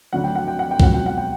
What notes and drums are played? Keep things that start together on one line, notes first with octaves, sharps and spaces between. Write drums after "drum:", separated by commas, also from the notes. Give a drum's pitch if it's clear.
D2 D3 F#3 F#5
G5
F#5
G5
F#5
G5
C#2 B2 F#3 F#5, drum: kick B1
G5
F#5
G5